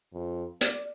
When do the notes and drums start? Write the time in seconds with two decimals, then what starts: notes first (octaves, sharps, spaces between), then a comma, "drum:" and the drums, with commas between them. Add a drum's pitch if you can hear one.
0.13 F2
0.61 D5, drum: hi-hat